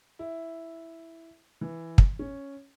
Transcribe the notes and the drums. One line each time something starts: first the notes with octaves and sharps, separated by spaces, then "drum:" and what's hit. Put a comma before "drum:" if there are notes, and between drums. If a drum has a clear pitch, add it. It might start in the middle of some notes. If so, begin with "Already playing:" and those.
E4
E3
drum: kick
C#4